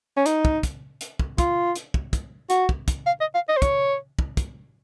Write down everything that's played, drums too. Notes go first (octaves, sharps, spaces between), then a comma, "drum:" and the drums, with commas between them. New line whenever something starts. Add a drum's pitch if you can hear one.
C#4
D#4, drum: hi-hat
drum: kick
drum: kick, hi-hat
drum: hi-hat
drum: kick
F4, drum: kick, hi-hat
drum: hi-hat
drum: kick
drum: kick, hi-hat
F#4, drum: hi-hat
drum: kick
drum: kick, hi-hat
F5
D#5
F5
D#5
C5
C#5, drum: kick, hi-hat
drum: kick
drum: kick, hi-hat